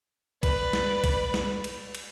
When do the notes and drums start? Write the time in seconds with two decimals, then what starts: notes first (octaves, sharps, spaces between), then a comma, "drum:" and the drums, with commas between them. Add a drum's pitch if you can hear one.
0.43 B4 D5, drum: kick B1, cymbal
0.73 drum: snare
1.04 drum: kick B1, cymbal
1.34 drum: snare
1.64 drum: cymbal
1.95 drum: cymbal